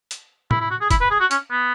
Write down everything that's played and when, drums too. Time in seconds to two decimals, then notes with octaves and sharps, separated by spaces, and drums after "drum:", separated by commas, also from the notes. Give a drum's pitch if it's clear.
0.11 drum: hi-hat
0.51 E4, drum: tom
0.61 E4
0.71 F#4
0.81 G#4
0.91 E4, drum: kick, hi-hat
1.00 B4
1.10 G#4
1.20 F#4
1.31 C#4, drum: hi-hat
1.51 B3